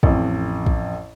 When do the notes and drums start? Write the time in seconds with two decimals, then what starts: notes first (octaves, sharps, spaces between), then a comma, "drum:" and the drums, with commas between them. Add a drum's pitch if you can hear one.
0.03 A1 F2, drum: kick
0.66 drum: kick